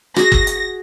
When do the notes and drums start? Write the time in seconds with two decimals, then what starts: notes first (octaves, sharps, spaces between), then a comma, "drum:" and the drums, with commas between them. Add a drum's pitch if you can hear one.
0.16 F#4 G#4 A#6, drum: rim click
0.32 drum: kick
0.47 drum: hi-hat